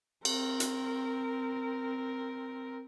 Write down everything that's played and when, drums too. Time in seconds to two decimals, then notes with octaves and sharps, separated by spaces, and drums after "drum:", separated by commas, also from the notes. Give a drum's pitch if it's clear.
0.25 C4 A#4, drum: cymbal
0.60 drum: hi-hat